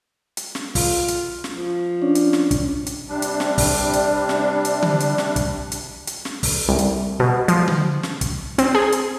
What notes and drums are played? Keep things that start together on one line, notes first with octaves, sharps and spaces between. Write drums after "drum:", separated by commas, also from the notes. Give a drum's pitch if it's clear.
drum: hi-hat
drum: snare
F4, drum: kick, open hi-hat
drum: hi-hat
drum: snare
F3
C#4 D4
drum: hi-hat
drum: snare
drum: kick, hi-hat
drum: hi-hat
C3 G3 D4
drum: hi-hat
drum: snare
drum: kick, open hi-hat
drum: hi-hat
drum: snare
drum: hi-hat
drum: tom D3
drum: hi-hat
drum: snare
drum: kick, hi-hat
drum: hi-hat
drum: hi-hat
drum: snare
drum: kick, open hi-hat
C2
drum: hi-hat
B2
F3, drum: hi-hat
drum: tom D3
drum: snare
drum: kick, hi-hat
C4, drum: hi-hat
G#4
drum: hi-hat